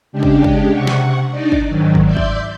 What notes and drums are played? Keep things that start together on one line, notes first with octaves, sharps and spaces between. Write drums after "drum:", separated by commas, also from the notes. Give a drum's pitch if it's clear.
C#3 G#3 D4 G4
drum: kick
drum: kick
C3 F#5 C#6
drum: snare
D4 D#4 D5
drum: kick
G#2 D#3 F#3
drum: kick
D5 E5 C6 G6
drum: kick